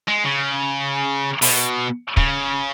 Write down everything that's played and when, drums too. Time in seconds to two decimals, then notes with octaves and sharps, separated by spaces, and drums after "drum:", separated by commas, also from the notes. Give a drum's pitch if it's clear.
0.08 G#3
0.25 C#3
1.42 B2, drum: open hi-hat
2.17 C#3, drum: kick